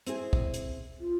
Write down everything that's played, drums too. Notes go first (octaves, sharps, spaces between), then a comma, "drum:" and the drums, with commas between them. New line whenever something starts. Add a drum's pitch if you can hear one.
C4 E4 G#4, drum: hi-hat
drum: kick
drum: hi-hat
F4